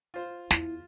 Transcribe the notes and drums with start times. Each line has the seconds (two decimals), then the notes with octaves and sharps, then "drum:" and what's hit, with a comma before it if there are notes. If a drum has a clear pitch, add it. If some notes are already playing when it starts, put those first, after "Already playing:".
0.14 F4 C5
0.51 E2 E4, drum: snare